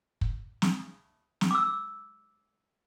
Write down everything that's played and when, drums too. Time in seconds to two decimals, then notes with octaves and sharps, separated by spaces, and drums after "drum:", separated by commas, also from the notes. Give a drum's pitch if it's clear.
0.21 drum: kick
0.62 drum: snare
1.41 drum: snare
1.51 D6 E6